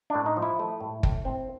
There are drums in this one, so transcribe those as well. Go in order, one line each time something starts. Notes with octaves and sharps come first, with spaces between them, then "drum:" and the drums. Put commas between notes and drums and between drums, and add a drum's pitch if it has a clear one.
A2 D4
D#4
F3
E4
A3
A2
A2, drum: kick
C4